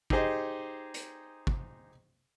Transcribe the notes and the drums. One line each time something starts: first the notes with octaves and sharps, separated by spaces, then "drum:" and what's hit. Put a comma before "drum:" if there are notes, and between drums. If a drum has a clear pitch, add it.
D#4 G4 G#4 C5 D#5, drum: kick
drum: hi-hat
drum: kick